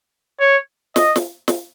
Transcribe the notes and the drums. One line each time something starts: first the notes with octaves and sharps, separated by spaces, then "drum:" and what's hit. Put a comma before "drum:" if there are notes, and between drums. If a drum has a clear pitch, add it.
C#5
D#5, drum: snare
drum: snare
drum: snare